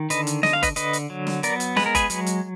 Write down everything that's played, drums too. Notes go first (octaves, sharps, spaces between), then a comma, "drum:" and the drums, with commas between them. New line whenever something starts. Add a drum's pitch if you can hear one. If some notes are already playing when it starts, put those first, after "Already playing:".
Already playing: D#3
D3 B4 D#5, drum: hi-hat
drum: hi-hat
D3 D#5, drum: snare
F5
B4 D#5, drum: kick F#1, hi-hat
D3 B4 D#5, drum: hi-hat
drum: hi-hat
F#3
drum: snare
B3 A#4 D5, drum: hi-hat
drum: hi-hat
G#3 B4, drum: snare
A#4
G#4 B4, drum: kick F#1, hi-hat
F#3, drum: hi-hat
drum: hi-hat